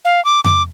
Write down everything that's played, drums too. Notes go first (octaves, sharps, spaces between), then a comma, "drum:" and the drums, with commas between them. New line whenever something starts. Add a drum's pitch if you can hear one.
F5
D6
D6, drum: tom F2